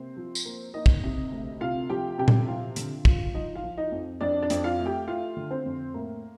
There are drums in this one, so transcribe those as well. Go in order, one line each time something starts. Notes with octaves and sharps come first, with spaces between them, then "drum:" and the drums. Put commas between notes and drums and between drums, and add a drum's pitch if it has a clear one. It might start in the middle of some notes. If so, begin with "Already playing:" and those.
Already playing: C3 A#3 C4 C5
F3
drum: tambourine
A#3
A#3 D#4 D#5
drum: kick
C3
D2
C3 F4 F5
F3 G4 G5
C3 G4 G5
drum: tom A#2
F3 F4 F5
D3, drum: hi-hat
F3, drum: kick
F3 D#4 D#5
F4 F5
F3
D#4 D#5
F2
F2 D4 D5
D4 D5
F2, drum: hi-hat
F4 F5
A3
G4 G5
A3 F4 F5
D3
C4 C5
F2
A2 A#3 A#4